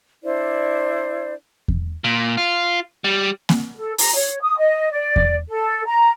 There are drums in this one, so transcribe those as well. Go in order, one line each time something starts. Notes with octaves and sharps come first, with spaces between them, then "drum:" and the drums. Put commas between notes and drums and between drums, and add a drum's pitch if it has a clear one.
D4 E4 C5 D5
drum: kick E2
A#2
F4
G3
drum: snare A#3
A4
A#5, drum: open hi-hat
C#5
D#6
D#5
D5
drum: kick E2
A4
A#5